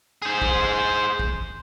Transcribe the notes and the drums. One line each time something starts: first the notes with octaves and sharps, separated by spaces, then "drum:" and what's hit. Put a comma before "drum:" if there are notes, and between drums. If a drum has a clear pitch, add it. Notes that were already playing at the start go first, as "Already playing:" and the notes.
G#4 C5
drum: kick
drum: kick